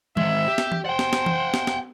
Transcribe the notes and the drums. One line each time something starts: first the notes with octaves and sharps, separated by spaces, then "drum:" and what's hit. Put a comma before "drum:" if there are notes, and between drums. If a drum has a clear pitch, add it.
D#3 G#3 E5, drum: tom E3
G4
drum: snare
drum: tom E3
C5 F#5 G5
drum: snare
drum: snare
drum: tom E3
drum: snare
drum: snare